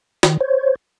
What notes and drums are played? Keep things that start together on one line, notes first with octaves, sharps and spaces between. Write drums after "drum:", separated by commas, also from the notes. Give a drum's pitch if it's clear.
D#3, drum: snare
C5 C#5